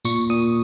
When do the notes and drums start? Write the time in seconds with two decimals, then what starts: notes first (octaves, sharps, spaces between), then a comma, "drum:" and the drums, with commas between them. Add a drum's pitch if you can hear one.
0.05 A#2 C#6, drum: tambourine
0.29 A#2 D#6